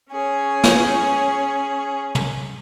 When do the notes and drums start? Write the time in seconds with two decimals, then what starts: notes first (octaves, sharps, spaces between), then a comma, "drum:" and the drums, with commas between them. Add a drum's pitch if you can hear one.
0.10 C#4 G#4 C#5
0.64 drum: snare
2.15 drum: tom